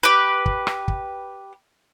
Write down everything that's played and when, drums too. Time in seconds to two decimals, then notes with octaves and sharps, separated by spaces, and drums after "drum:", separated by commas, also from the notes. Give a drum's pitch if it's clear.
0.03 G4 B4
0.46 drum: kick
0.67 drum: rim click
0.88 drum: kick